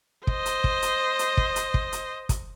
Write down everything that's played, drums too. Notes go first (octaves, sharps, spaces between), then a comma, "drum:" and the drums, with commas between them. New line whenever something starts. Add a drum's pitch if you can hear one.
C5 D#5, drum: kick
drum: hi-hat
drum: kick
drum: hi-hat
drum: hi-hat
drum: kick
drum: hi-hat
drum: kick
drum: hi-hat
drum: kick, hi-hat